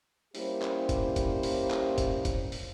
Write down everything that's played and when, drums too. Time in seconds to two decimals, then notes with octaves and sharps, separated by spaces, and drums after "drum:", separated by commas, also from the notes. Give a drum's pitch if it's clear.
0.35 G3 A#3 C#4 E4 G4 C5, drum: open hi-hat
0.62 drum: clap
0.89 drum: kick, hi-hat
1.16 drum: kick, hi-hat
1.43 drum: open hi-hat
1.71 drum: clap
1.98 drum: kick, hi-hat
2.25 drum: kick, hi-hat
2.52 drum: open hi-hat